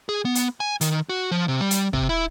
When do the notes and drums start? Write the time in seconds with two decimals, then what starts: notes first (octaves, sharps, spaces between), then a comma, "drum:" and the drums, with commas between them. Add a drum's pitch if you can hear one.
0.09 G#4
0.25 B3
0.35 drum: hi-hat
0.60 G#5
0.81 D#3, drum: hi-hat
1.09 F#4
1.31 F3
1.48 C3
1.60 G3
1.71 drum: hi-hat
1.93 C3, drum: kick
2.09 E4